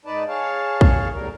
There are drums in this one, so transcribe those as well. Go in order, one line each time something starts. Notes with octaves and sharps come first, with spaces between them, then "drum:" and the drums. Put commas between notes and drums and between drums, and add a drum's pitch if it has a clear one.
G#2 D#4 B4 D5 A5
G#4 C#5 F5 A5
drum: kick
E2 A2 G3 A#4